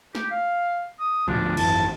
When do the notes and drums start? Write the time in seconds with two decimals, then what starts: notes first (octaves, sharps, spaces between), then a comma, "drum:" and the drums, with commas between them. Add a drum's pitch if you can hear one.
0.15 G4, drum: snare
0.31 F5
0.99 D#6
1.28 D2 F3 D4, drum: tom
1.57 G#1 F#2 E3 A5, drum: cymbal